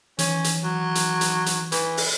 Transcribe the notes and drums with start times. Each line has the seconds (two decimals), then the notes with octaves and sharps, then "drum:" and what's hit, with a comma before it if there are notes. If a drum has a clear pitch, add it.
0.19 E3 C#4, drum: hi-hat
0.44 drum: hi-hat
0.64 F#3
0.95 drum: hi-hat
1.21 drum: hi-hat
1.46 drum: hi-hat
1.72 E3, drum: hi-hat
1.97 drum: open hi-hat